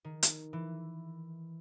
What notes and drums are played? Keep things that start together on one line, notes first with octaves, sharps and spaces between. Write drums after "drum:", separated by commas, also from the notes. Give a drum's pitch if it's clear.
D#3
drum: hi-hat
E3